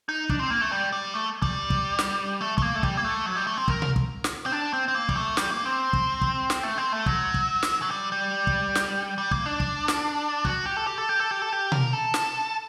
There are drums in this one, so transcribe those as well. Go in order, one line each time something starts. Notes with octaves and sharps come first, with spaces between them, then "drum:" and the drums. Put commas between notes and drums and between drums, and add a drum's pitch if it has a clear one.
D#4
D4, drum: kick
C4
A#3
A3
G3
G3
A3
G3, drum: kick
drum: kick
drum: snare
A3
A3, drum: kick
A#3
A3
G3, drum: kick
A#3
A3
F#3
G3
A3
C4
A#4, drum: kick
drum: tom B2
drum: kick
drum: snare
C4
D4
C4
C4
A#3
G3, drum: kick
A3
G3, drum: snare
A#3
C4
drum: kick
drum: kick
drum: snare
A3
C4
A3
F#3, drum: kick
drum: kick
drum: snare
F#3
G3
G3
drum: kick
drum: snare
G3
A#3, drum: kick
D4
drum: kick
drum: snare
F#4, drum: kick
G4
A4
G4
A4
G4
A4
G4
A4
G4
A#4, drum: tom B2
A4
drum: snare